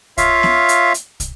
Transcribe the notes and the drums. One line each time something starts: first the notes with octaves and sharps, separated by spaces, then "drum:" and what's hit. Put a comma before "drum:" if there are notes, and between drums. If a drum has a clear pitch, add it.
F4 C#5 E5 F5, drum: kick, hi-hat
drum: snare B3
drum: hi-hat
drum: hi-hat
drum: kick, hi-hat